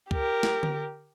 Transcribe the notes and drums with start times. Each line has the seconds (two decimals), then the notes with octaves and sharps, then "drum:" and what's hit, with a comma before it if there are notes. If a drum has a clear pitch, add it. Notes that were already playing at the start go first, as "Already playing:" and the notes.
0.11 G4 A#4, drum: kick C#2
0.43 drum: snare
0.63 drum: tom D3